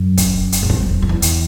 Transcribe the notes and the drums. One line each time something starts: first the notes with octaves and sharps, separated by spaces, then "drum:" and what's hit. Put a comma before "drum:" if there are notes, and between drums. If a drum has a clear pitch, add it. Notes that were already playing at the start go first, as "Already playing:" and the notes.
Already playing: F#2
drum: kick, hi-hat
drum: hi-hat
F#2
F2, drum: kick
F2
F2
E2
drum: hi-hat